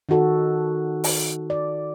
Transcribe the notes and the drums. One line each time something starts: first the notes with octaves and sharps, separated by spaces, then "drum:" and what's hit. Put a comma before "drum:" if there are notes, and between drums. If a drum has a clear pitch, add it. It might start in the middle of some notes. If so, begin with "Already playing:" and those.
D#3 D#4 F#4 A4
drum: open hi-hat
D5